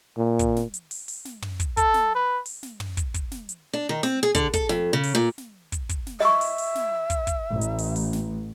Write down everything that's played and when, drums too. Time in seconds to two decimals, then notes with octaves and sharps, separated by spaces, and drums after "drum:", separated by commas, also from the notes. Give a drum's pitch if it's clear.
0.17 A#2
0.39 drum: kick, hi-hat
0.56 drum: snare
0.74 drum: hi-hat
0.91 drum: open hi-hat
1.08 drum: open hi-hat
1.25 drum: snare
1.42 drum: tom
1.60 drum: kick, hi-hat
1.77 A4, drum: kick, hi-hat
1.94 drum: snare
2.15 B4
2.46 drum: open hi-hat
2.63 drum: snare
2.80 drum: tom
2.97 drum: kick, hi-hat
3.14 drum: kick, hi-hat
3.32 drum: snare
3.49 drum: hi-hat
3.73 D4
3.89 D#3
4.03 C4, drum: snare
4.23 G#4
4.35 D3, drum: kick, hi-hat
4.54 A4, drum: kick, hi-hat
4.69 F2, drum: snare
4.93 C#3
5.03 drum: open hi-hat
5.15 A#2
5.38 drum: snare
5.72 drum: kick, hi-hat
5.89 drum: kick, hi-hat
6.07 drum: snare
6.20 D#5 E5 C#6
6.41 drum: open hi-hat
6.58 drum: open hi-hat
6.75 drum: snare
7.10 drum: kick, hi-hat
7.27 drum: kick, hi-hat
7.51 A1
7.61 drum: hi-hat
7.78 drum: open hi-hat
7.96 drum: open hi-hat
8.13 drum: snare